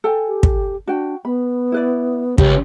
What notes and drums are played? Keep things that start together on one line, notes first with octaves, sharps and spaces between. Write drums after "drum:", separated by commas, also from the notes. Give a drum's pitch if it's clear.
A4 G5 G#5
G4
drum: kick
D4 F#4 G5
B3 B5
E4 B4 D5
C#2 G4 C#5, drum: kick